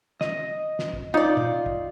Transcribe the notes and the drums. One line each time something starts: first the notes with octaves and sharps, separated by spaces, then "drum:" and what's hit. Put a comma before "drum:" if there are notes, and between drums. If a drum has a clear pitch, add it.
D#5, drum: snare
drum: snare
drum: kick
D#4 F4 D5
drum: tom
drum: kick